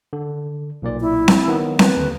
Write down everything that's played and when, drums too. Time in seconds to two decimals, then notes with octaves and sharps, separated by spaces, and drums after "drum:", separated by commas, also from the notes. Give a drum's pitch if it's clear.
0.13 D3
0.82 B1 A#2 D5
1.01 E4
1.28 drum: snare C4
1.48 D#3 F#3 B3
1.79 B4, drum: snare C4
1.97 D#2 D3